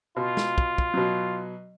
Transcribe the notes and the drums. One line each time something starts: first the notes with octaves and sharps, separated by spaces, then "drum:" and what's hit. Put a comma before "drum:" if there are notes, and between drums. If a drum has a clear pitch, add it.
B2 F4
drum: snare
drum: kick
drum: kick
B2 F#3